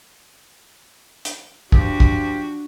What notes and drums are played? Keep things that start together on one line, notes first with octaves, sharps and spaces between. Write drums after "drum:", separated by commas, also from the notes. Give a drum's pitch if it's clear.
drum: hi-hat
F3 D4 F#4 G4, drum: kick
drum: kick